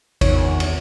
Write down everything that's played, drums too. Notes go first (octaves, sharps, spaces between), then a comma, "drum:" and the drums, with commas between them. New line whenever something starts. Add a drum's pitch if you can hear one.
E2 D#3 C#5, drum: kick G#1, cymbal
drum: cymbal